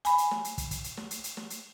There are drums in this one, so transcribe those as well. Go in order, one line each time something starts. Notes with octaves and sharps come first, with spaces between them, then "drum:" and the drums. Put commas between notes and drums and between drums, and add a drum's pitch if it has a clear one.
G#5 B5, drum: hi-hat
drum: hi-hat
drum: snare
drum: hi-hat
drum: kick, hi-hat
drum: kick, hi-hat
drum: hi-hat
drum: snare
drum: hi-hat
drum: hi-hat
drum: snare
drum: hi-hat